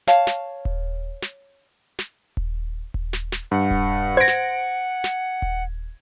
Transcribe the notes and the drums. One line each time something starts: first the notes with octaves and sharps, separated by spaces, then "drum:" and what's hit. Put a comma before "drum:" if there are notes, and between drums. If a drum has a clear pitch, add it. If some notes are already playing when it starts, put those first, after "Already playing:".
C#5 F5 A5, drum: snare
drum: snare
drum: kick D#1
drum: snare
drum: snare
drum: kick D#1
drum: kick D#1
drum: snare
drum: snare
G2 F#5
drum: kick D#1
C5 G#6 A#6 D7
drum: snare
drum: snare
drum: kick D#1